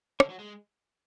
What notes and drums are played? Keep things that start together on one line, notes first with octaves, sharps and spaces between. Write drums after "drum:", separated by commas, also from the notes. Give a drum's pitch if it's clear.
D3, drum: rim click
F#3
G#3